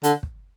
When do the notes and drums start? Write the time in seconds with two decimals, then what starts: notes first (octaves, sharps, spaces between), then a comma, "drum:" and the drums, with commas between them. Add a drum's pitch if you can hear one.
0.03 D3, drum: hi-hat
0.23 drum: kick